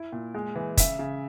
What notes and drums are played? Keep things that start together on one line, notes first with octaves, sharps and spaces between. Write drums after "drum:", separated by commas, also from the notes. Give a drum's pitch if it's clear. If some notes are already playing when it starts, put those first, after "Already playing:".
Already playing: E4
A#2
G#3
E3
C#3 E5, drum: kick, hi-hat
C#3